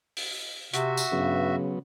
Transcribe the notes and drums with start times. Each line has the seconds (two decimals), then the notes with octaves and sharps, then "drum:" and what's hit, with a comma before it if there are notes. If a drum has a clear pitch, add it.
0.17 drum: open hi-hat
0.74 C3 F#4 E5, drum: hi-hat
0.97 drum: tambourine
1.12 G2 C#3 F#3 B3